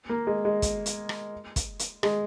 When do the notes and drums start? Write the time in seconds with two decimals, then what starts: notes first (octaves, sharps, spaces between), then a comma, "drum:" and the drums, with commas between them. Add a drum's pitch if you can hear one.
0.09 A#3
0.27 G#3
0.45 G#3
0.62 drum: kick, hi-hat
0.86 drum: hi-hat
1.09 drum: rim click
1.56 drum: kick, hi-hat
1.79 drum: hi-hat
2.03 G#3, drum: rim click